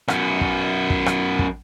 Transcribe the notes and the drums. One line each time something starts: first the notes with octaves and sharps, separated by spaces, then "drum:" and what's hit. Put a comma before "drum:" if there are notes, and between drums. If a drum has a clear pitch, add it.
F#2 B3, drum: rim click
drum: kick
drum: kick
drum: rim click
drum: kick